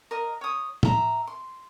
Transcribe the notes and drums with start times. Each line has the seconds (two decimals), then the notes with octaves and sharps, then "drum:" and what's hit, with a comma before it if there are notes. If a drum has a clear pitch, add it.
0.11 A#4 D#5
0.41 C#5 D#6
0.83 E5 A#5, drum: tom A2
1.27 C6